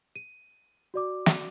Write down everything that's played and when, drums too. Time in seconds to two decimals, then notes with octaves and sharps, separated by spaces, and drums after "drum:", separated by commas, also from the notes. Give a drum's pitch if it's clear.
0.16 D#7
0.94 F#4 D5 D6
1.26 drum: snare